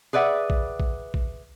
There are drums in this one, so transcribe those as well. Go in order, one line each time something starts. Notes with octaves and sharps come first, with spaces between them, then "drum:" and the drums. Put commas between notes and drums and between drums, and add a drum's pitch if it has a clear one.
G#4 B4 D5 E5 F#5
drum: kick
drum: kick
drum: kick